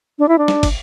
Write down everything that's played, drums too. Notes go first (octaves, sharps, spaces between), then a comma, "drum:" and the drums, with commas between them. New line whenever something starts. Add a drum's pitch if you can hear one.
D4
E4
D4
drum: snare
drum: kick, cymbal